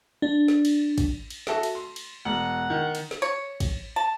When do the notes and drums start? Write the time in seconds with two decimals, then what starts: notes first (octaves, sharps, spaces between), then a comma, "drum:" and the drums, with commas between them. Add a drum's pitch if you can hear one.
0.22 D4
0.48 drum: snare
0.65 drum: cymbal
0.98 drum: kick, cymbal
1.30 drum: cymbal
1.47 F#4 A4 E5, drum: snare
1.63 drum: cymbal
1.75 C6
1.96 drum: cymbal
2.25 E1 F#5
2.70 D#3
2.95 drum: cymbal
3.11 drum: snare
3.22 C#5
3.60 drum: kick, cymbal
3.96 A5